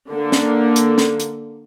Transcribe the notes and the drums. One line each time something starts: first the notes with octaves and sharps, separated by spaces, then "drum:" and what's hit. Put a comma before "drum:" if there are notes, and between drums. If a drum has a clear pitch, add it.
D3 A#3
drum: snare
drum: hi-hat
drum: snare
drum: hi-hat